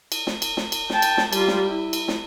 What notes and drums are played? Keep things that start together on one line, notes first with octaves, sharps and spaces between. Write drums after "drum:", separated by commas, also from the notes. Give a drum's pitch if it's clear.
drum: cymbal
drum: snare
drum: cymbal
drum: snare
drum: cymbal
G5 A5, drum: snare
drum: cymbal
drum: snare
G3 F4, drum: cymbal
drum: snare
E4
drum: cymbal
drum: snare